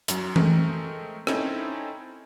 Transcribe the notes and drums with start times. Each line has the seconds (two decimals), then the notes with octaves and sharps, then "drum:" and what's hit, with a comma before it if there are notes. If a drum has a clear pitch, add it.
0.08 F#2 F#3, drum: hi-hat
0.36 G#3 A3 C4 A#4, drum: tom E3
1.27 C4 C#4 D#4 E4 A4, drum: rim click